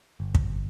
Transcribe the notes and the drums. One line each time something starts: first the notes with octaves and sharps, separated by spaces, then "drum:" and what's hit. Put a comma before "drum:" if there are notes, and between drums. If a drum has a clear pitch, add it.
G1
drum: kick